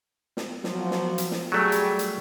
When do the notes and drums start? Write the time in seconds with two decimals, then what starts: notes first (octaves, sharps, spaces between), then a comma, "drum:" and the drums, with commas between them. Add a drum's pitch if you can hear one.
0.37 drum: snare
0.64 F3 F#3, drum: snare
0.91 drum: snare
1.18 drum: hi-hat
1.31 drum: snare
1.52 F#3 G3 A3 G4 G#4
1.72 drum: hi-hat
1.99 drum: hi-hat